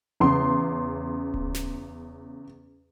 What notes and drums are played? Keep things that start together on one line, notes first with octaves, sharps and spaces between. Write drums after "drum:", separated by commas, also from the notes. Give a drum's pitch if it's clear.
E2 C#3 C6
drum: kick D1
drum: snare